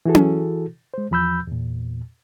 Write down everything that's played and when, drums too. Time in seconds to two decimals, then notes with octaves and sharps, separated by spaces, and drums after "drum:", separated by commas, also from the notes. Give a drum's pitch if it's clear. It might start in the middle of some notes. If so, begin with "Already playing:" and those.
0.05 E3 E4 F#4 G#4 A4
0.15 drum: tom C#4
0.94 G#3 C5
1.11 E2 F3 B5 E6 G6
1.48 E2 A#2